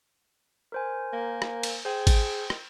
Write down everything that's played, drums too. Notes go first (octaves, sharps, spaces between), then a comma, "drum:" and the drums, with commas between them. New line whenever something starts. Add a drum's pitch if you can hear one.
A#4 C5 G#5
A#3
drum: rim click
drum: cymbal
G#4 C5 G5
drum: kick G#1, cymbal
drum: rim click